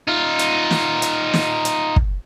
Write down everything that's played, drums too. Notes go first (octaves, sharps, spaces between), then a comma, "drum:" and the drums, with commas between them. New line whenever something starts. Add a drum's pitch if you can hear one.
D#4 F4
drum: hi-hat
drum: snare
drum: hi-hat
drum: snare
drum: hi-hat
drum: kick